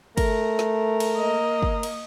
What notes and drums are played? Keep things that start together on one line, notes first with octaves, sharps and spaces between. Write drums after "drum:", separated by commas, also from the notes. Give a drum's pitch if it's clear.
A3 A#4, drum: kick, cymbal
drum: snare
drum: cymbal
A#3 D#5
drum: kick
drum: cymbal